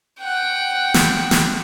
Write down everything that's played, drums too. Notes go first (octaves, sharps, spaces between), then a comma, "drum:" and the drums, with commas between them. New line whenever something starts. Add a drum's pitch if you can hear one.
F#5 G5
drum: snare
drum: snare